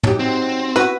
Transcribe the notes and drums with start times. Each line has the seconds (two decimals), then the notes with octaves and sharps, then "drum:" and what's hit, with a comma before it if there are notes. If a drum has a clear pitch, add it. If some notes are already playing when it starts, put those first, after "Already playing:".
0.03 F#3 D#4 G4, drum: tom
0.19 C4
0.76 E4 F#4 B4